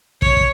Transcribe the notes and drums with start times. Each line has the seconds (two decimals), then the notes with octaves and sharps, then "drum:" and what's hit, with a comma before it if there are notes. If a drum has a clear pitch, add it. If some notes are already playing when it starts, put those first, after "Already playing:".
0.22 C#5, drum: kick
0.37 drum: kick